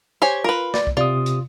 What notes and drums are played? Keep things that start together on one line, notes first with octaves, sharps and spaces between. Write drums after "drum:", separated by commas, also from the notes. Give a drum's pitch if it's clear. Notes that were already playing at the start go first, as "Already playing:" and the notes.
G4 C5 C#5 G#5
F4 A#4 B4 A#5
D5, drum: snare
drum: kick
C3 F4 D5 D#6
drum: hi-hat